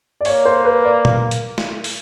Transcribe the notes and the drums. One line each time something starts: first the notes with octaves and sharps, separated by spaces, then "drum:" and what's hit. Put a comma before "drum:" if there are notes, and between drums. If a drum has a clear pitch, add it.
D5
A#3 C#5, drum: open hi-hat
C5
B4
D5
drum: tom A#2
drum: hi-hat
drum: snare
drum: open hi-hat